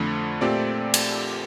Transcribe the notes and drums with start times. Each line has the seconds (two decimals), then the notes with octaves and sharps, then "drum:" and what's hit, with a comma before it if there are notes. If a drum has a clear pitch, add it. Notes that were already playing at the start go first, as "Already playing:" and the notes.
Already playing: F2 D3 A3
0.41 A#2 A3 C4 G4 D5
0.94 drum: cymbal